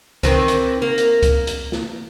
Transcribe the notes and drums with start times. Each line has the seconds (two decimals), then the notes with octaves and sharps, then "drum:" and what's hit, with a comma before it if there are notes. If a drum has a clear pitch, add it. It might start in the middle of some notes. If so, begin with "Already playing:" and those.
0.23 D#3 E3 C4, drum: kick C#2, hi-hat
0.48 drum: hi-hat
0.82 A#3
0.98 drum: hi-hat
1.23 drum: kick C#2, hi-hat
1.47 drum: hi-hat
1.72 drum: snare